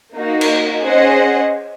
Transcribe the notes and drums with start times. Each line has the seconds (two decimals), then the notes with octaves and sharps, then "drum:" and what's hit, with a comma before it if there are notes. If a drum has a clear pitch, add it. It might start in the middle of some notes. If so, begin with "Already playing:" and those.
0.16 A#3 D#4 F#4
0.41 drum: cymbal
0.83 C#4 G#4 C5 D#5 F#5